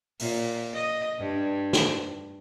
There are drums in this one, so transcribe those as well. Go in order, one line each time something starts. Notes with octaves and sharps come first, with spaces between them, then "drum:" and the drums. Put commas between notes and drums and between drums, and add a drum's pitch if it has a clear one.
A#2, drum: open hi-hat
D#5
G2
drum: snare